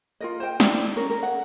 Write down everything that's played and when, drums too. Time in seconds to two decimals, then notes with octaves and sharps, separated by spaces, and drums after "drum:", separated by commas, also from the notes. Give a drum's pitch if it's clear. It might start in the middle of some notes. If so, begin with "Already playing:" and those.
0.20 F4 A#4 D#5
0.40 C5 G5
0.60 E4 D5, drum: snare
0.96 C#4 A#4
1.10 A#4
1.23 F#5